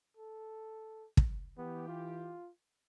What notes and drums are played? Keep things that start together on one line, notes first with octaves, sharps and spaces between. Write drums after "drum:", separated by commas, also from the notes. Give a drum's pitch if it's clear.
A4
drum: kick
E3 B3 G4
F4